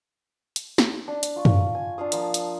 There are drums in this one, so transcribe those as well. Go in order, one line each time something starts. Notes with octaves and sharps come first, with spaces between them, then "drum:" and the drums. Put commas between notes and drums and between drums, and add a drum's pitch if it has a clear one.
drum: hi-hat
drum: snare
D4
drum: hi-hat
F4 C#6
drum: tom F#2
G#5
D4 F4 F5 D#6
F3 A#3 A5, drum: hi-hat
drum: hi-hat